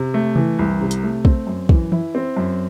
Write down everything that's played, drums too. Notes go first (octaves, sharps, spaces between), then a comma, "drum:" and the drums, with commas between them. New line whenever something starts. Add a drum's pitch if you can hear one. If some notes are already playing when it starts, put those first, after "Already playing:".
Already playing: C3
A3
E3, drum: tom C3
C2
C3
drum: hi-hat
A3
C4, drum: kick
F#2
E3, drum: kick
E4, drum: tom E3
C4
F#2